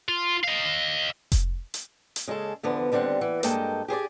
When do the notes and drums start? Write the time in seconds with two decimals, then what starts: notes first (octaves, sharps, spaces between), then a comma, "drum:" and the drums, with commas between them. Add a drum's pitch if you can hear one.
0.08 F4
0.44 D#5 F5
1.32 drum: kick F1, hi-hat
1.74 drum: hi-hat
2.16 drum: hi-hat
2.28 C#3 G#3 G#4 A4
2.63 E2 D3 F3 B3
2.92 D#2 D3 G3 C4 F#5
3.21 E3
3.43 G2 G#3 A#3 A4 D#5 G5, drum: hi-hat
3.88 G4 G#4 C5 D5